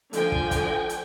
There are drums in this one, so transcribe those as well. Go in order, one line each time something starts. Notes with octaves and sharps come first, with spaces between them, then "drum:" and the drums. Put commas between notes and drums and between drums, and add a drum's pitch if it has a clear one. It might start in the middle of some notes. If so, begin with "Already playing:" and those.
D3 F3 G5 G#5, drum: hi-hat
drum: kick
drum: kick, hi-hat
drum: hi-hat